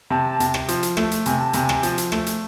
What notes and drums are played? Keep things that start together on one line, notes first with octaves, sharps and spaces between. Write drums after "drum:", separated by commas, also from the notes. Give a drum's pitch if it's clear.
C3 A5
C3, drum: hi-hat
drum: rim click
F3, drum: hi-hat
drum: hi-hat
A3, drum: rim click
drum: hi-hat
C3 G#5, drum: hi-hat
A5
C3 G#5, drum: hi-hat
drum: rim click
F3, drum: hi-hat
drum: hi-hat
A3, drum: rim click
drum: hi-hat